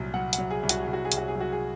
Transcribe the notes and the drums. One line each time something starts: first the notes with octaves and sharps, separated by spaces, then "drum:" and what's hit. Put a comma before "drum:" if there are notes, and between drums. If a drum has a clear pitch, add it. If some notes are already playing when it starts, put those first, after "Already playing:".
Already playing: C2 A#2 F#3
F#3 F#5
F#5, drum: hi-hat
F#3
G#4
C2
F#4, drum: hi-hat
G#4
C2
F#4
G#4
C2, drum: hi-hat
F#4
G#4
F#3 F#4
G#4